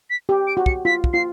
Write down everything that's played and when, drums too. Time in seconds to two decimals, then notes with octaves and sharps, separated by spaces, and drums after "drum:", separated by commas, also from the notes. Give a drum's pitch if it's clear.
0.10 B6
0.29 G4
0.47 D7
0.57 F#4
0.66 C#7, drum: kick
0.85 F4 B6
1.04 drum: kick
1.13 F4 C7